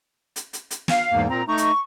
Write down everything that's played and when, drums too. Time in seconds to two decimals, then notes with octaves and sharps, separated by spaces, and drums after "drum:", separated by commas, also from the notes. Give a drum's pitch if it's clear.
0.36 drum: hi-hat
0.53 drum: hi-hat
0.71 drum: hi-hat
0.88 F5, drum: snare
1.12 E2 G#2 A#3
1.29 A#2 C4 A#5
1.48 A3 D#4 A#5 C#6
1.58 drum: hi-hat